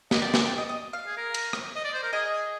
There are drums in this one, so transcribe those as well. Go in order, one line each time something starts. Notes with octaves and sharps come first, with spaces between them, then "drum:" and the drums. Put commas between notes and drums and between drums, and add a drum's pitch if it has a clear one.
D#5, drum: snare
G4 D5
G#4, drum: snare
G4
D#5
D#5
F5
G#4
A#4
drum: cymbal
drum: rim click
D#5
D5
C5
A#4
G#4 D#5